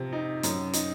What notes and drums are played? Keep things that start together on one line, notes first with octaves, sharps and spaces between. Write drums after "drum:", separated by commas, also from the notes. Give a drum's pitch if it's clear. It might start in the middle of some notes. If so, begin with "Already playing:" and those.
Already playing: C3 F3
D#4
F#2, drum: hi-hat
D#4, drum: hi-hat